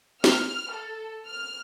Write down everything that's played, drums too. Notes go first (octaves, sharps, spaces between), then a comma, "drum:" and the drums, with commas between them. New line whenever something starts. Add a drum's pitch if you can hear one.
F6, drum: snare
A4
F6